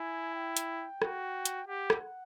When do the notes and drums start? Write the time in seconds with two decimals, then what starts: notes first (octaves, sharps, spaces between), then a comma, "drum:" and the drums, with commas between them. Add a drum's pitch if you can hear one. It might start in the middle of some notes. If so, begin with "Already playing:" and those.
Already playing: E4 G#5
0.35 G5
0.57 drum: hi-hat
1.02 F#4, drum: rim click
1.45 drum: hi-hat
1.67 G4 F#5
1.90 drum: rim click